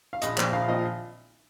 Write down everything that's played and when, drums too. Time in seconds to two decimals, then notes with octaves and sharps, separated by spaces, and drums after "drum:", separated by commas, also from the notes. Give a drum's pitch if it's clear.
0.13 F5
0.22 A#1 D#5, drum: hi-hat
0.38 A#2 F3 C4, drum: clap
0.52 A#1 F5
0.68 A#2 F3 C4 D#5